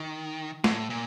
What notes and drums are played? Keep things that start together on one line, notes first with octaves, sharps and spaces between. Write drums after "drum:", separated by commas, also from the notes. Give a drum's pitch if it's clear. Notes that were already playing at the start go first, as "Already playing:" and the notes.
Already playing: D#3
A2, drum: snare
A#2